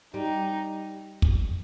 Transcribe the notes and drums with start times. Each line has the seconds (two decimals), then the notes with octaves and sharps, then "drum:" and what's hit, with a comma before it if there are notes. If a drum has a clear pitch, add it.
0.14 G3 D#4
1.22 drum: kick